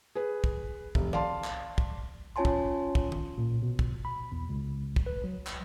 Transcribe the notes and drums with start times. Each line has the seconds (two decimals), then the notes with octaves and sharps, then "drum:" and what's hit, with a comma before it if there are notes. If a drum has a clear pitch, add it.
0.15 G#4 B4
0.44 drum: kick
0.95 F1, drum: kick
1.13 D5 F5 A5 C6, drum: tom D#3
1.44 drum: clap
1.78 drum: kick
2.36 C#4 F4 C#5 G#5 A5 C6
2.45 drum: kick
2.95 drum: kick
3.12 drum: tom D#3
3.38 A#2
3.62 B2
3.79 drum: kick
4.05 B5
4.32 E2
4.49 C#2
4.96 drum: kick
5.06 B4
5.24 F#3
5.47 drum: clap